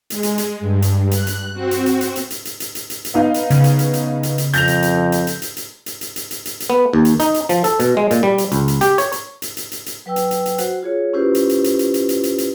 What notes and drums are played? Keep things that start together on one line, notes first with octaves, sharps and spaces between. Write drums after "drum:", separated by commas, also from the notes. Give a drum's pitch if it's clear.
G#3, drum: hi-hat
drum: hi-hat
drum: hi-hat
G2
drum: hi-hat
F#6, drum: hi-hat
drum: hi-hat
C4 F#4
drum: hi-hat
drum: hi-hat
drum: hi-hat
drum: hi-hat
drum: hi-hat
drum: hi-hat
drum: hi-hat
drum: hi-hat
drum: hi-hat
drum: hi-hat
B3 D#4 F5
drum: hi-hat
C#3, drum: hi-hat
drum: hi-hat
drum: hi-hat
drum: hi-hat
drum: hi-hat
drum: hi-hat
F2 G6 A#6 F7, drum: hi-hat
drum: hi-hat
drum: hi-hat
drum: hi-hat
drum: hi-hat
drum: hi-hat
drum: hi-hat
drum: hi-hat
drum: hi-hat
drum: hi-hat
drum: hi-hat
drum: hi-hat
drum: hi-hat
B3
D#2
drum: hi-hat
D#4, drum: hi-hat
drum: hi-hat
F3, drum: hi-hat
A4, drum: hi-hat
B2, drum: hi-hat
G#3
A#2, drum: hi-hat
G3
drum: hi-hat
C#2, drum: hi-hat
drum: hi-hat
G4, drum: hi-hat
C#5, drum: hi-hat
drum: hi-hat
drum: hi-hat
drum: hi-hat
drum: hi-hat
drum: hi-hat
F#3 B4 G5 E6
drum: hi-hat
drum: hi-hat
drum: hi-hat
F#4 C5 F#5, drum: hi-hat
F4 G#4 C#5
C#4 E4 F4 G4 B4 C5
drum: hi-hat
drum: hi-hat
drum: hi-hat
drum: hi-hat
drum: hi-hat
drum: hi-hat
drum: hi-hat
drum: hi-hat